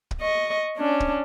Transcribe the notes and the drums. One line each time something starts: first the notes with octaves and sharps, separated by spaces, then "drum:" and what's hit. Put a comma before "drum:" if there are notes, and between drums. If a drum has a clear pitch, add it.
drum: kick
D#5 C#6
C#4 D4
drum: kick